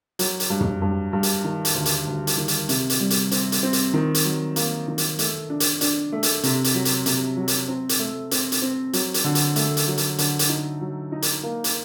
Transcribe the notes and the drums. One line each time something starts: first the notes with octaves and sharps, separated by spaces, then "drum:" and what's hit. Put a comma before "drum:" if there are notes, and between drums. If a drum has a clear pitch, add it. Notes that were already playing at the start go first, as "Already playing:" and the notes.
F#3, drum: hi-hat
drum: hi-hat
G2
drum: tom
G2
G2
drum: hi-hat
D#3
drum: hi-hat
D2
drum: hi-hat
D2
drum: hi-hat
D#3
drum: hi-hat
C3, drum: hi-hat
drum: hi-hat
G3
drum: hi-hat
C4, drum: hi-hat
drum: hi-hat
C4
drum: hi-hat
D#3
drum: hi-hat
F#3
A#3, drum: hi-hat
D#3
drum: hi-hat
A3, drum: hi-hat
D4
drum: hi-hat
D4, drum: hi-hat
A3
drum: hi-hat
C3, drum: hi-hat
drum: hi-hat
F#3
drum: hi-hat
C3, drum: hi-hat
F#3
drum: hi-hat
C4
drum: hi-hat
A3
C4, drum: hi-hat
drum: hi-hat
C4
F#3, drum: hi-hat
drum: hi-hat
D3
drum: hi-hat
A3, drum: hi-hat
drum: hi-hat
F#3
drum: hi-hat
D3, drum: hi-hat
drum: hi-hat
D#4
F#3
D#4
drum: hi-hat
A#3
drum: hi-hat